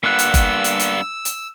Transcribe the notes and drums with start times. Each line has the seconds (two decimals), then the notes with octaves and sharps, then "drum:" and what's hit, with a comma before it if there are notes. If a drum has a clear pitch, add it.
0.03 G2 A#3 B3 F#5 E6
0.19 drum: hi-hat
0.34 drum: kick F#1, hi-hat
0.64 drum: hi-hat
0.79 drum: hi-hat
1.25 drum: hi-hat